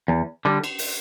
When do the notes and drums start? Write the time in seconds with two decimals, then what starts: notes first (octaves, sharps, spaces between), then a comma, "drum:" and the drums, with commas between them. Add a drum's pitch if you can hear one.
0.08 E2
0.45 D3 G3
0.64 drum: cymbal
0.79 drum: open hi-hat